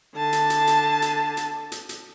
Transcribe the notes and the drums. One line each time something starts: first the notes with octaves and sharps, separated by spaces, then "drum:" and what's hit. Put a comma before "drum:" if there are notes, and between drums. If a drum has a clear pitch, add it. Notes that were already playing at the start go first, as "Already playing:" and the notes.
D3 A5
drum: hi-hat
drum: hi-hat
drum: hi-hat
drum: hi-hat
drum: hi-hat
drum: hi-hat
drum: hi-hat